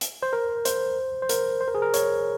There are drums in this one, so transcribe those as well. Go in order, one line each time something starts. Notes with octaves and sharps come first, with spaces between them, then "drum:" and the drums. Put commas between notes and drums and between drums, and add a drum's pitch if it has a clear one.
drum: hi-hat
C5
A#4
C5, drum: hi-hat
C5
A#4, drum: hi-hat
C5
A#4
G#4
A#4
C#5, drum: hi-hat